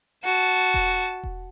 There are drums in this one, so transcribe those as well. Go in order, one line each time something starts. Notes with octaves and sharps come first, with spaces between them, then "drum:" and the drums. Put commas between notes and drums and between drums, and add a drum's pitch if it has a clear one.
F#4 A5
drum: kick E1
drum: kick E1